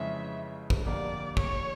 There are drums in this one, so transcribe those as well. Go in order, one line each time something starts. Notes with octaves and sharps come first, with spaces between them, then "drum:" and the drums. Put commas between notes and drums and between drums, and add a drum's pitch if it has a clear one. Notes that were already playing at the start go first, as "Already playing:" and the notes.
Already playing: F2 C#3 E3 G#3 C#4 E5
drum: kick
F2 D3 G3 A#3 D5
C#5, drum: kick